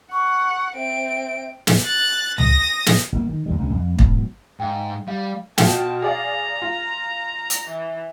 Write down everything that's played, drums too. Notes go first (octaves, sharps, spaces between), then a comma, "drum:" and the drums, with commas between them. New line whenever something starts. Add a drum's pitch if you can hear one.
F#5 C#6
C4 E5 D7
drum: snare
F#6 A6
D#6 A#6, drum: tom C#2
drum: snare
G1 C3 A#3
D#3
D#2 D#3 G3
C#2 C3 E3 C#4
F2
G#2 B2 E3 F#3, drum: kick
G#2 F5 G5
G3 F5
B2 F4 G5 A5, drum: snare
G#4 D5 F5 A#5
F4
drum: hi-hat
E3